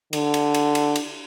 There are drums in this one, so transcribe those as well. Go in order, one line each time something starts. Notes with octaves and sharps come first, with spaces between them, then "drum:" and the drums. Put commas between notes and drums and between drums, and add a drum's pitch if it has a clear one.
D3, drum: cymbal
drum: cymbal
drum: cymbal
drum: cymbal
drum: cymbal